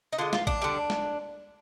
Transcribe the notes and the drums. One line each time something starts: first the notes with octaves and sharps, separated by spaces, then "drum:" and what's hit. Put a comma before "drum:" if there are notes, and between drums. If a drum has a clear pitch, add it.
D#4
D3 G#3 F4
F4, drum: snare
D4, drum: kick A1
D3 G3
drum: snare